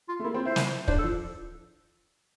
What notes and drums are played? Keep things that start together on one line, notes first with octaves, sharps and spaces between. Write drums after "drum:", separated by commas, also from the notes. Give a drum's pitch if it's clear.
F4
A3
A#3 E4
C4 F4
E4 C5
drum: snare
D4 C5, drum: kick
A4
F3